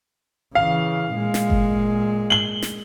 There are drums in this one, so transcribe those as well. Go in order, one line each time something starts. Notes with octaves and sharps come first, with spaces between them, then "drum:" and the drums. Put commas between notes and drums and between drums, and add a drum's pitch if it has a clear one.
C#3 E3 F5
A#2 G#3
drum: snare
drum: kick G1
F#7 G7
drum: snare